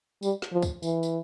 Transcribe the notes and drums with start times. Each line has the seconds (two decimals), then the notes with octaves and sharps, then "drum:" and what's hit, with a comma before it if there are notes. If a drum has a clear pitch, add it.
0.23 G3, drum: tambourine
0.42 drum: snare
0.52 F3
0.62 drum: kick, tambourine
0.83 E3, drum: tambourine
1.03 drum: tambourine